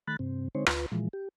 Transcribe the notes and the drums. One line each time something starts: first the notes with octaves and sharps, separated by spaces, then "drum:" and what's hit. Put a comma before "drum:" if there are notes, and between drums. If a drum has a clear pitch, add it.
D#3 A3 B5 F#6 A6
G2 C3 C4
D3 G#3 C4 D#4 C5 C#5
D2 F4 B4, drum: rim click
A#2 E3 F3 G#3
G4